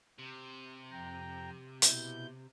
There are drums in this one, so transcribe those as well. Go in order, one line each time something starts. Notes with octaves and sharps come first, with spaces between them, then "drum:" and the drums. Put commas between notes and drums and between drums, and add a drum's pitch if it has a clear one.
C3
F2 G5 A#5
B2 E4 G6, drum: hi-hat